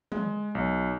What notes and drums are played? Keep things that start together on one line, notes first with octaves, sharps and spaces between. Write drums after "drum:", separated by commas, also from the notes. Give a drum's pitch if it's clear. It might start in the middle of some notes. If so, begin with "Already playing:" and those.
G#3, drum: tom
B1